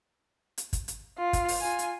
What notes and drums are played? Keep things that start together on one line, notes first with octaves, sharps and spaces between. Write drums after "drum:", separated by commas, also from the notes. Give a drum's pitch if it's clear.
drum: hi-hat
drum: kick, hi-hat
drum: hi-hat
F4
drum: kick, hi-hat
drum: open hi-hat
F4 G#5
drum: hi-hat